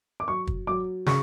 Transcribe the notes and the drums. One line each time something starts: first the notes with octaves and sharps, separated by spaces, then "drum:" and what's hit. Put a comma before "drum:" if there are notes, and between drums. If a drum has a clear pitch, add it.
D6
F#3 C#6
drum: kick
F#3 D6
C#3 C#6, drum: snare